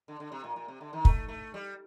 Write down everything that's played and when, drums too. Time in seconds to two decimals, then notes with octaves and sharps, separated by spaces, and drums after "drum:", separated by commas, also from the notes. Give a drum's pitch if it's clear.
0.08 D3
0.20 D3
0.32 C3
0.44 A#2
0.56 A#2
0.68 C3
0.81 D3
0.93 D#3
1.05 A3, drum: kick
1.28 A3
1.54 G3